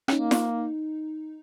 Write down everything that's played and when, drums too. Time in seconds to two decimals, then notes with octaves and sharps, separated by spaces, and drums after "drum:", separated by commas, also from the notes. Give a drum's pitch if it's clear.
0.08 C#4, drum: rim click
0.12 A#3 D#4
0.31 drum: snare